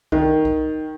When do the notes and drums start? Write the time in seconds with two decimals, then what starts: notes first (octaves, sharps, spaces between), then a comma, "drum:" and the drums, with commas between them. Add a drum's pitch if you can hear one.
0.12 D#3, drum: kick B1
0.45 drum: kick B1